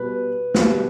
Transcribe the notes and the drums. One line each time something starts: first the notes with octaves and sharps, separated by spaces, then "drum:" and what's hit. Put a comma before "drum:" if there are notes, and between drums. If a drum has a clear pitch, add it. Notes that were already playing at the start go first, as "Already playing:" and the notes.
Already playing: B2 G3 B4
B2 G3, drum: snare